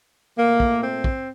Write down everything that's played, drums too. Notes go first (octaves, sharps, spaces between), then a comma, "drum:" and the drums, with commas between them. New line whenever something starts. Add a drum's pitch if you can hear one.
A#2 A3 A#3
drum: kick
C4
drum: kick